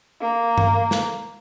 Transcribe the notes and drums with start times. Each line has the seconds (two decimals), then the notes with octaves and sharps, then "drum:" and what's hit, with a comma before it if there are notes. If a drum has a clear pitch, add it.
0.21 A#3
0.58 drum: tom G2
0.91 drum: snare